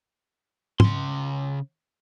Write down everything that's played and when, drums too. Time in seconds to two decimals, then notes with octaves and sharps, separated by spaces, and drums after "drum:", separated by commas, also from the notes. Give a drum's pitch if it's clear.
0.80 C#3 C6, drum: tom